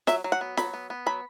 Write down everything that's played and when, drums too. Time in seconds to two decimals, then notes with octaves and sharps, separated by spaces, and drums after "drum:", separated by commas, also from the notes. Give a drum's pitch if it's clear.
0.07 F#3 E5, drum: snare
0.24 F#3
0.32 F#5
0.41 B3
0.57 F#3 B5, drum: snare
0.73 B3
0.90 B3
1.06 F#3 B5